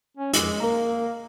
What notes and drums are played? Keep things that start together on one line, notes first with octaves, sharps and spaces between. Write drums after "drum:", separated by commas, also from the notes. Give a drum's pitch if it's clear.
C#4
F2 G#3 D6 E6, drum: hi-hat
A#3 A#4 A#5